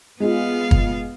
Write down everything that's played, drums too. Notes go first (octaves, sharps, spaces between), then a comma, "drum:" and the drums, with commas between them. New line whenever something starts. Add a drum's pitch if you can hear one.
G#3 B3 F4 F5
drum: kick